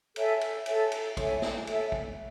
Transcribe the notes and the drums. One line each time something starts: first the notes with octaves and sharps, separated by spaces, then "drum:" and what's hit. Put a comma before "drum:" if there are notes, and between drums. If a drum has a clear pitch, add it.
A4 C#5 E5 G#5, drum: cymbal
drum: cymbal
A4 C#5 E5 G#5, drum: cymbal
drum: cymbal
A4 C#5 E5 G#5, drum: kick, cymbal
drum: snare
A4 C#5 E5 G#5, drum: cymbal
drum: kick